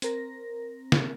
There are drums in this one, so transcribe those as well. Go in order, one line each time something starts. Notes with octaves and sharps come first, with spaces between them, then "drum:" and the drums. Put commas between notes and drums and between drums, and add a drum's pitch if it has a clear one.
C4 A#4 A#6, drum: hi-hat
drum: snare